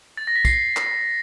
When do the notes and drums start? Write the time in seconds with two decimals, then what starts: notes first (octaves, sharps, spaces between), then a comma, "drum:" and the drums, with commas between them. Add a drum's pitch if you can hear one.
0.17 A6
0.27 A#6
0.35 B6
0.45 C7, drum: kick, tambourine
0.77 drum: clap